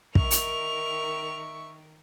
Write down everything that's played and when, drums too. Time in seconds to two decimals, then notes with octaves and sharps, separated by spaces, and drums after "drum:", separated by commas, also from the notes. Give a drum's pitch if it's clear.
0.15 D#3 A#4 E5 C#6 F7, drum: kick
0.31 drum: hi-hat